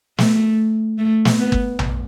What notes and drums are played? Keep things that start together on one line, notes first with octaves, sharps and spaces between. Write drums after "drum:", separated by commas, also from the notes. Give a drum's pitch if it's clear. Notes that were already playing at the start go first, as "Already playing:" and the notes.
A3, drum: snare
A3
drum: snare
B3
drum: kick
drum: tom A#1